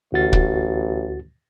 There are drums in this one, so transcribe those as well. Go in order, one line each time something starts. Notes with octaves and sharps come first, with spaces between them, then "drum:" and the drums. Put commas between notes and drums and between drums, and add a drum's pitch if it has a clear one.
A1 D2 F#4 A6
drum: kick